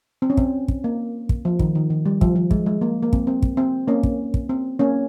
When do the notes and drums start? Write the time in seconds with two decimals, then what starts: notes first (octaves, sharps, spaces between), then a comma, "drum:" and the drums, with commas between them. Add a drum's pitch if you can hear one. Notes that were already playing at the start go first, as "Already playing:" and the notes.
0.22 C4
0.30 C#4
0.37 C4, drum: kick
0.68 drum: kick
0.84 A#3
1.29 drum: kick
1.45 F3
1.59 D#3, drum: kick
1.75 D#3
1.90 D#3
2.06 G3
2.21 F3, drum: kick
2.36 F3
2.51 G#3, drum: kick
2.66 G#3
2.81 A#3
3.03 A#3
3.13 C4, drum: kick
3.27 C4
3.42 drum: kick
3.57 C4
3.88 A#3 C#4
4.03 drum: kick
4.34 drum: kick
4.49 C4
4.79 A#3 C#4